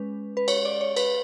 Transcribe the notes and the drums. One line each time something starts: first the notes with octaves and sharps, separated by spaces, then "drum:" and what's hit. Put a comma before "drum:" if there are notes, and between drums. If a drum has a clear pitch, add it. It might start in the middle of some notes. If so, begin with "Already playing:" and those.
Already playing: G#3 C#4 B4
B4
C#5, drum: cymbal
D5
C#5
B4, drum: cymbal